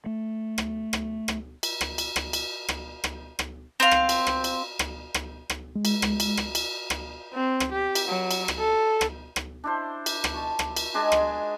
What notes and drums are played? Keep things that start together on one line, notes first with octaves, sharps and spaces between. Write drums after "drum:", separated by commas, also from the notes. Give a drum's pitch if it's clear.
A3
drum: rim click
drum: rim click
drum: rim click
drum: cymbal
drum: rim click
drum: cymbal
drum: rim click
drum: cymbal
drum: rim click
drum: rim click
drum: rim click
C4 F5
drum: rim click
drum: cymbal
drum: rim click
drum: cymbal
drum: rim click
drum: rim click
drum: rim click
G#3
drum: cymbal
drum: rim click
drum: cymbal
drum: rim click
drum: cymbal
drum: rim click
C4
drum: rim click
G4
drum: cymbal
F#3
drum: cymbal
drum: rim click
A4
drum: rim click
drum: rim click
D4 E4 C5
drum: cymbal
drum: rim click
A5 C#6
drum: rim click
drum: cymbal
G#3 D4 D#5 G#5
drum: rim click